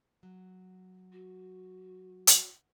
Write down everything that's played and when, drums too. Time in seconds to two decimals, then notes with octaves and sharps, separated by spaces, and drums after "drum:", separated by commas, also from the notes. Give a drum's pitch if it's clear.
0.23 F#3
1.12 F#4
2.27 drum: hi-hat